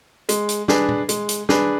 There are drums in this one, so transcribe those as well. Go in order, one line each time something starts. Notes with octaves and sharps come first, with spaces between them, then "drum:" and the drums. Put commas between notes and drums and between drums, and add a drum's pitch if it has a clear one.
G#3, drum: hi-hat
drum: hi-hat
D4 G#4 B4, drum: snare
drum: tom A#2
G#3, drum: hi-hat
drum: hi-hat
D4 G#4 B4, drum: snare